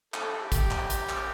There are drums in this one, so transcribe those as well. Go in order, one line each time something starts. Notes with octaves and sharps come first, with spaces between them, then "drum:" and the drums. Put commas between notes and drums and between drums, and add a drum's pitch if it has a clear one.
A4, drum: clap
G4
drum: kick, hi-hat
drum: clap
drum: hi-hat
drum: clap